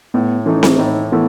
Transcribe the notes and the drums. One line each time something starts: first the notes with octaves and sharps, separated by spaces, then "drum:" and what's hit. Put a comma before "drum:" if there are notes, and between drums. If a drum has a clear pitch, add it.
A2 B3
E3 A3 C#4 D#4
drum: snare C4
A2 D#4
E3 A3 B3